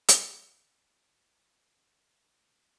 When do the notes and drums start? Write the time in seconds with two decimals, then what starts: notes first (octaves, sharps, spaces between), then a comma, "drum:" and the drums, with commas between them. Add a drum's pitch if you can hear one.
0.09 drum: hi-hat
1.52 E2 A2